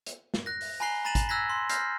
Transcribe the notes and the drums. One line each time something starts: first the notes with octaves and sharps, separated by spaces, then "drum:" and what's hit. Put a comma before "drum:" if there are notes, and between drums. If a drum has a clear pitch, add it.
drum: hi-hat
drum: snare
F#6 A#6
drum: open hi-hat
G#5 A#5 B5 F#6 C7 G7
A#5 B5 A6 D#7 E7 F#7
drum: kick G#1, hi-hat
E6 F#6 G#6 A#6 B6
C6
F6 G6 A#6 C7, drum: hi-hat